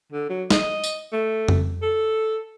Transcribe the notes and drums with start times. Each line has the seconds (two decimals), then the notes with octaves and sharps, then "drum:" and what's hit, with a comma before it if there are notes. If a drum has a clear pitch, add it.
0.12 D3
0.30 F#3
0.51 D#5, drum: snare
0.84 drum: tambourine
1.13 A3
1.48 drum: tom F2
1.82 A4